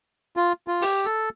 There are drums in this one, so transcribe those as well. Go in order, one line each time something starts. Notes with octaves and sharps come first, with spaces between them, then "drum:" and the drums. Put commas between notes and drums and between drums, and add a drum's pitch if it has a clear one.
F4
F4
G4, drum: open hi-hat
A4